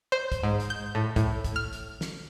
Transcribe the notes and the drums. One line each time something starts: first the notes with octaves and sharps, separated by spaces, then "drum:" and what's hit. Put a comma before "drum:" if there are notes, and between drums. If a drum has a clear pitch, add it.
C5
drum: kick, hi-hat
G#2
drum: hi-hat
G6
A2
A2, drum: kick, hi-hat
drum: kick, hi-hat
F6
drum: hi-hat
drum: snare